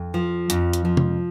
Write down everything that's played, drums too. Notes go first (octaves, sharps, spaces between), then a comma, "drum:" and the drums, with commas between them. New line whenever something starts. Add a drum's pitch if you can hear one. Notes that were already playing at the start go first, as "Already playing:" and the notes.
Already playing: F2
F3
F2, drum: hi-hat
drum: hi-hat
F3
drum: tom C3